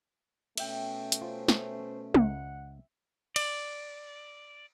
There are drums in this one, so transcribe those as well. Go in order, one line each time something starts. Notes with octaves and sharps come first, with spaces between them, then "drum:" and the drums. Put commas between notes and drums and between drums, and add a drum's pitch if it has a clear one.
B2 A3 C#4 E5 G5, drum: cymbal
drum: hi-hat
F4 C5
drum: snare
C#2 F#5, drum: tom G#3
D5, drum: cymbal